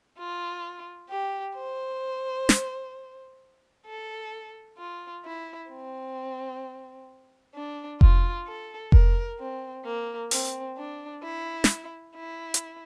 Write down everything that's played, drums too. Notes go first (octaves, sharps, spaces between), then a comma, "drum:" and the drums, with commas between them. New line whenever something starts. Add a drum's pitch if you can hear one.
F4
G4
C5
drum: snare
A4
F4
E4
C4
D4
F4, drum: kick F1
A4
A#4, drum: kick F1
C4
A#3
C4, drum: open hi-hat
D4
E4
drum: snare
E4
drum: hi-hat